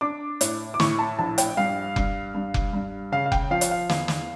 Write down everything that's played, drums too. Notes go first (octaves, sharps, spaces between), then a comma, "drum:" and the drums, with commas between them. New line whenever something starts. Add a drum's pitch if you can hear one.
D4 D6
A2, drum: hi-hat
D6
A2 C#6, drum: snare
A5
A#1 A5
G5, drum: hi-hat
G2 F5
G2, drum: kick F1
G2
drum: kick F1
G2
C#3 F5
F5
G5, drum: kick F1
F3 F5
drum: hi-hat
F5
E2 F5, drum: snare
drum: snare